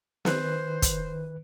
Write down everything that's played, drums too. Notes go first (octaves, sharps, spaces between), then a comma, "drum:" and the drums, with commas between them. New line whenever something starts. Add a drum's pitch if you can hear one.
D#3 B4 C5 F#6, drum: snare
drum: kick, hi-hat